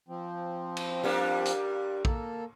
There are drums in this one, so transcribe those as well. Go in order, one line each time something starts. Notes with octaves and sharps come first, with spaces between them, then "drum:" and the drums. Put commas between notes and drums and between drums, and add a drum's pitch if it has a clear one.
F3 C4
drum: cymbal
G3 A#3 D4
drum: hi-hat
A#3 A4, drum: kick